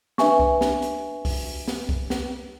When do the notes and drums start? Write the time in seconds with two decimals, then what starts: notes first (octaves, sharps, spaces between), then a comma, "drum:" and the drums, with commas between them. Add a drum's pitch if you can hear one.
0.18 D4 B4 E5 G#5 C#6, drum: snare
0.40 drum: kick C2
0.61 drum: snare
0.82 drum: hi-hat
1.25 drum: kick C2, open hi-hat
1.68 drum: snare
1.89 drum: kick C2
2.10 drum: snare